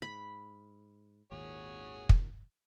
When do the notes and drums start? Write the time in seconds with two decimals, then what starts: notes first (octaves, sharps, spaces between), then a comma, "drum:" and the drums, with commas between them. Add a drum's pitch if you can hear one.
0.02 G#2 B5
1.32 G#1 D#2 A#2 F#4 G#4 C#5
2.09 drum: kick